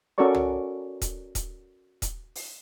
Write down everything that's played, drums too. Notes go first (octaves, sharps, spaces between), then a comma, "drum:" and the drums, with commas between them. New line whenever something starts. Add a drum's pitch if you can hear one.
C#4 F#4 A4 A#4 D5 C#6
drum: tom
drum: kick D#1, hi-hat
drum: kick D#1, hi-hat
drum: kick D#1, hi-hat
drum: open hi-hat